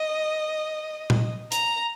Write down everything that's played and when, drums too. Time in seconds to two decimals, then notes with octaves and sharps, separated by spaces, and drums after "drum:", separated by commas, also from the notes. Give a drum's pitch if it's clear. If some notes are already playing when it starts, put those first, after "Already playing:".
Already playing: D#5
1.10 drum: tom A#2
1.52 A#5, drum: hi-hat